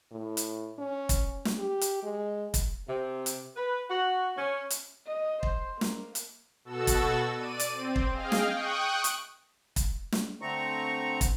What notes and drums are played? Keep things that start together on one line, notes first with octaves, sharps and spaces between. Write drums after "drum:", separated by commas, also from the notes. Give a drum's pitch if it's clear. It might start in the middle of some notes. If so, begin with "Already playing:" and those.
A2
drum: hi-hat
C#4
drum: kick, hi-hat
drum: snare
G4
drum: hi-hat
G#3
drum: kick, hi-hat
C3
drum: hi-hat
B4
F#4
C#4
drum: hi-hat
D#5
C5, drum: kick
A#3, drum: snare
drum: hi-hat
B2 F#4 A4 E6
drum: kick, hi-hat
D5 D#7
drum: hi-hat
C4
drum: kick
G#4 D#5 F5 G5 F6
drum: snare
G5 C#6 D#6 F#6
drum: hi-hat
drum: kick, hi-hat
drum: snare
D3 A3 C4 A#5 C#6
drum: kick, hi-hat